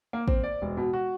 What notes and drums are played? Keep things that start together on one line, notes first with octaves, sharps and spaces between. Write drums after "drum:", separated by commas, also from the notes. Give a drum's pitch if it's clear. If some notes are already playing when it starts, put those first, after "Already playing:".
A#3
C4, drum: kick
D5
E1
B2
F#4